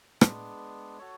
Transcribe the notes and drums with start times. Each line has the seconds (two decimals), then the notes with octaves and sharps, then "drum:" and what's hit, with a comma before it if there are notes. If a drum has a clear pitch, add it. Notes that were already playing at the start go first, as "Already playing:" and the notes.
0.21 G#3 B3 D4, drum: rim click
0.98 F#4 A4 C#5